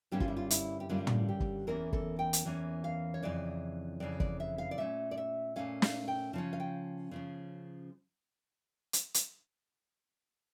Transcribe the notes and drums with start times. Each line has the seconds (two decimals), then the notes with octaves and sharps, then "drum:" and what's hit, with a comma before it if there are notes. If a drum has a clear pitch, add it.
0.12 G2 D3 G3 A#3 C#4 G4
0.20 F4, drum: kick
0.28 E4
0.37 F4
0.50 E4, drum: hi-hat
0.80 G4
0.89 G2 D3 G3 A#3 C#4 F4
1.07 drum: tom
1.29 G4
1.40 drum: kick
1.67 E2 E3 A#3 C#4 A#4
1.93 A4, drum: kick
2.19 G5
2.33 drum: hi-hat
2.45 E2 E3 A#3 C#4
2.84 F5
3.14 C#5
3.23 F2 C#3 E3 D5
4.00 F2 C#3 E3 D5
4.20 D5, drum: kick
4.40 E5
4.58 F5
4.71 D5
4.78 A#2 A3 C#4 E5
5.11 D5
5.18 E5
5.56 A#2 A3 C#4 F5
5.82 F5, drum: snare
6.08 G5
6.33 C#3 F3 C#4 A5
6.53 F5
6.60 G5
7.11 C#3 F3 C#4
8.93 drum: hi-hat
9.14 drum: hi-hat